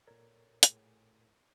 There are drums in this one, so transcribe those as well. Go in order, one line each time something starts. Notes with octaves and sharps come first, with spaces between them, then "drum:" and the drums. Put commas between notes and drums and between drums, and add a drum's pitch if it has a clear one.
A#2 A4 A#4 C#5 D5
A2 G#4 G#5, drum: hi-hat